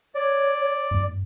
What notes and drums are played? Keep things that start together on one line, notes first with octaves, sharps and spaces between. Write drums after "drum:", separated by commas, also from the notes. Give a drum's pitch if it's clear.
C#5 D5
drum: tom G2